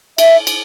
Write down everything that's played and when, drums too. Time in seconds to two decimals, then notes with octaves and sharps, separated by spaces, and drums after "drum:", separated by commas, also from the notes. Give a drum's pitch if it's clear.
0.18 E5, drum: cymbal
0.47 drum: cymbal